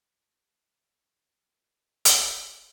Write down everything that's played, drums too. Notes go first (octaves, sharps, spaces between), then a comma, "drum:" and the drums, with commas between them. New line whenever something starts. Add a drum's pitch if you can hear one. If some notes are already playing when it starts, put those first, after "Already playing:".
G#5
E4 F4 G4 A#4 D5 D#5
drum: hi-hat